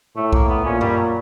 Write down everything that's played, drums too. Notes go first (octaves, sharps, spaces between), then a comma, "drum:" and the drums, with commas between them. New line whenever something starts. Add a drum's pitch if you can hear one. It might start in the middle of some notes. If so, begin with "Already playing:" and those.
A2 A3
A#3, drum: kick B1
B3
A#2 C#4
G3, drum: tom F#2
F#3